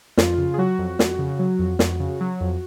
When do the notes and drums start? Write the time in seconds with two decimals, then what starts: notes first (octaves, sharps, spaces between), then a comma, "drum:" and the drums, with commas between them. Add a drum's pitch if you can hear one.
0.17 F2 F4, drum: snare
0.38 C#3
0.54 G#4
0.58 F#3 F#4
0.78 F2
0.99 F2, drum: snare
1.19 C#3
1.39 F#3
1.59 F2
1.79 F2, drum: snare
2.00 C#3
2.21 F#3
2.41 F2